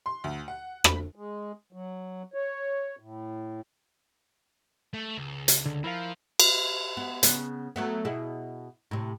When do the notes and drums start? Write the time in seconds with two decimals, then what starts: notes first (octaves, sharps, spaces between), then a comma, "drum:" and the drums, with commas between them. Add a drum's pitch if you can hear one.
0.06 C6
0.24 D2
0.48 F#5
0.84 B5, drum: rim click
1.15 G#3
1.73 F#3
2.34 C#5
2.99 A2
4.93 A3
5.18 C#2
5.48 drum: hi-hat
5.66 D3
5.84 F3 E4 A#4 F5
6.40 drum: cymbal
6.97 B3
7.23 C#3 B3, drum: hi-hat
7.76 F#3 A3 B3
8.05 B2 E4 G#4
8.91 A2 C3